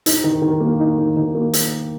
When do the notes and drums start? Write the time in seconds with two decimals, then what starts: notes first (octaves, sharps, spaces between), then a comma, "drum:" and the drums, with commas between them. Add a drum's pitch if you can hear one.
0.06 D#4, drum: hi-hat
0.24 D#3
0.42 D#3
0.60 A#3
0.80 D#4
0.98 D#3
1.16 D#3
1.35 A#3
1.53 drum: hi-hat